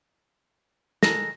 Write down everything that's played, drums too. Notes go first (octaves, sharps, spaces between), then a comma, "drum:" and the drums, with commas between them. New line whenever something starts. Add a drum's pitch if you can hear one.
D#3 G#3 A4 A#6, drum: snare